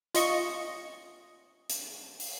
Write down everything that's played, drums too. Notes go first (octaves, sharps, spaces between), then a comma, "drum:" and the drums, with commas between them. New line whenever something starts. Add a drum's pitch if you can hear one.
F4 D#5 C#6, drum: hi-hat
drum: hi-hat
drum: open hi-hat